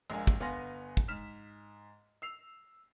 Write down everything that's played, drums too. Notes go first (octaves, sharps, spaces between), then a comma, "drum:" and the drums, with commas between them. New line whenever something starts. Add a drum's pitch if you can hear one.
A#1 G#3 A#4 F5 G#5
drum: kick
G1 B3 F5 G#5 C6 A#6
drum: kick
G#2 F6 B6 E7
E6 C7 F7